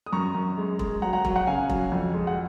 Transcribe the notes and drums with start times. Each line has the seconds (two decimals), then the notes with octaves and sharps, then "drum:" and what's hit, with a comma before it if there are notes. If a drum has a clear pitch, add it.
0.06 D#6
0.12 F#2 A#5 C#6
0.35 F#2
0.57 G#3
0.79 G#3, drum: kick E1
1.02 F#3 F#5 A#5
1.13 F#5 A#5
1.25 F#3, drum: kick E1
1.36 F#5
1.47 C#3 F5 G#5
1.70 F#3, drum: kick E1
1.92 F2
2.14 G#3
2.27 F#5